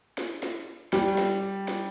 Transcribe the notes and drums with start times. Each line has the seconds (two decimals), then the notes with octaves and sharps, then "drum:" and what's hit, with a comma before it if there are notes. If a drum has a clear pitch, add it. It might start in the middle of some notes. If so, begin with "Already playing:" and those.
0.18 drum: snare
0.43 drum: snare
0.93 G3, drum: snare
1.18 drum: snare
1.68 drum: snare